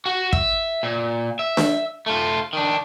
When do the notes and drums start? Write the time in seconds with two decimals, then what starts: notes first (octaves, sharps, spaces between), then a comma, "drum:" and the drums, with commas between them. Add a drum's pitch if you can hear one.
0.06 F#4
0.33 E5, drum: kick
0.83 A#2
1.39 E5
1.57 drum: snare D4
2.06 A3 F4
2.53 D#3 D4